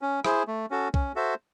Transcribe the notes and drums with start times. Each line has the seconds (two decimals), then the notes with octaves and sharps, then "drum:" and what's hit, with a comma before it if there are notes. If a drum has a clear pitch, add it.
0.02 C#4
0.25 E4 G#4 C5, drum: rim click
0.48 A3
0.70 C#4 F#4 A4
0.94 C#4, drum: kick
1.16 F#4 A4 C5 E5